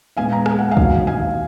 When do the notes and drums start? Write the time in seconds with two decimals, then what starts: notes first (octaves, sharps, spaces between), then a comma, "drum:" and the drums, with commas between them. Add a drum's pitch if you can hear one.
0.17 A#2 G#3 B3 F5 G#5
0.32 A#5
0.46 G#5, drum: rim click
0.59 F#5
0.71 F5 G#5
0.77 D#2 D#3 F#3, drum: kick
1.07 F5 G#5